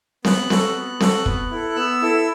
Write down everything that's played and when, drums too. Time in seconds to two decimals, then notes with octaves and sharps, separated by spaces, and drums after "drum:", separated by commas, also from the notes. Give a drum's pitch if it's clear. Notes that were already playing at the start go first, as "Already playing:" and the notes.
0.25 B3 F#6, drum: snare C4
0.50 F#4 A4, drum: snare C4
0.75 B3
1.01 F#4 A4, drum: snare C4
1.26 B3, drum: kick
1.51 E4 A4
1.76 B3 E6
2.02 E4 A4